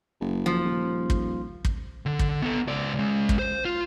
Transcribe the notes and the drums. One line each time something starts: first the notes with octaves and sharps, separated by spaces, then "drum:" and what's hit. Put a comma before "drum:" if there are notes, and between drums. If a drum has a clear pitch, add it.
F#1
F3
D#1
drum: kick
drum: kick
D3
drum: kick
B3 A4
C#2 D5
C#2 G#3
drum: kick
C5
F4